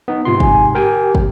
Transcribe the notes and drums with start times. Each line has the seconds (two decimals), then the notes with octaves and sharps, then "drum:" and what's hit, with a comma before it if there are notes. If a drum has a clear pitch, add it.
0.08 B3 D#4
0.25 G#2 C3 F4 C6
0.40 G#5, drum: kick
0.75 G4 A#4 G5 G#5
1.15 drum: kick